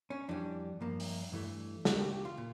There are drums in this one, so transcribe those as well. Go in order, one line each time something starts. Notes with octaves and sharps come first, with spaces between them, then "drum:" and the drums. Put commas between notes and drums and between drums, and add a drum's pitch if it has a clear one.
C#4
F2 E3 G3 D4
G2 F3 A#3
drum: open hi-hat
G2 E3 A3
C#2 C#3 E3 A#3, drum: snare
G4
G4
F4
A#2